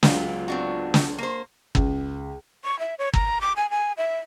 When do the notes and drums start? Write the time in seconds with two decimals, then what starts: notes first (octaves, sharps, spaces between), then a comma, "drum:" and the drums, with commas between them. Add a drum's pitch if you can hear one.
0.03 C#2 F#3 G#3 B3 F4 F5, drum: snare
0.48 C4 D4 F#4
0.94 drum: snare
1.18 A#3 C5
1.75 C#2, drum: kick G1
2.64 C#6
2.79 E5
2.98 C#5
3.14 A#5, drum: kick G1
3.41 D6
3.56 G#5
3.70 G#5
3.97 E5